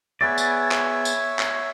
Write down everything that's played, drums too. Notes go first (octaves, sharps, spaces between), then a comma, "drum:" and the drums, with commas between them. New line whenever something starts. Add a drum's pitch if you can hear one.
B3 G#4 C#5 D5 E5
drum: tambourine
drum: clap
drum: tambourine
drum: clap